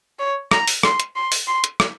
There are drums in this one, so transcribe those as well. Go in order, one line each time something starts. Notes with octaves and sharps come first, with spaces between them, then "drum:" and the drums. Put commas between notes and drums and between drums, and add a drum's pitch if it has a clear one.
C#5
A#5, drum: rim click
drum: open hi-hat
C6, drum: rim click
drum: hi-hat
C6
drum: open hi-hat
C6
drum: hi-hat
drum: rim click